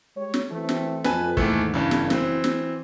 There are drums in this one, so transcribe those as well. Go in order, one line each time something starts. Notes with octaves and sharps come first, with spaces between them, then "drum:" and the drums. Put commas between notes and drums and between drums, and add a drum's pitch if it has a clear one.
G#3 G4 C#5
drum: snare
E3 A3 C4
drum: snare
F2 B4 G#5 A5, drum: snare
D#2 G#2 E3 A3, drum: kick
F#1 G2 C#3 E3
drum: snare
E3 C4, drum: snare
drum: snare